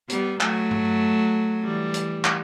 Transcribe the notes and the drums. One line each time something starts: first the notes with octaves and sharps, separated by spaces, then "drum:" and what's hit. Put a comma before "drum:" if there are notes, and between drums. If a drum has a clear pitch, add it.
G3 B3, drum: hi-hat
F#3 A3, drum: clap
drum: tom G2
E3 G3
drum: hi-hat
drum: clap